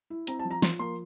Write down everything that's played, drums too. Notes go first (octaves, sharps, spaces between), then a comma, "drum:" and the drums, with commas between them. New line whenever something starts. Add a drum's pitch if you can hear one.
E4
C4 A#5, drum: hi-hat
A5
F3
A#5
F3 C6, drum: snare
A#3 C6